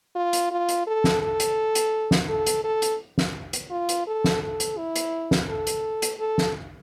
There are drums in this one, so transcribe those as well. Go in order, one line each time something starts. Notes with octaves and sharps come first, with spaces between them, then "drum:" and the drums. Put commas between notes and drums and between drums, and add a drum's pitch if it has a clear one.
F4
drum: hi-hat
F4
drum: hi-hat
A4
drum: snare
A4
drum: hi-hat
drum: hi-hat
drum: snare
A4
drum: hi-hat
A4
drum: hi-hat
drum: snare
drum: hi-hat
F4
drum: hi-hat
A4
drum: snare
A4
drum: hi-hat
E4
drum: hi-hat
drum: snare
A4
drum: hi-hat
drum: hi-hat
A4
drum: snare